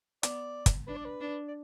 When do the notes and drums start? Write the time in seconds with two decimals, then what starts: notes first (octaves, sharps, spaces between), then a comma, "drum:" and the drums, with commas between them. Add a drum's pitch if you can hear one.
0.23 B3 D5, drum: hi-hat
0.66 drum: kick, hi-hat
0.87 D4 B4
0.97 D5
1.05 B4
1.20 D4
1.48 D5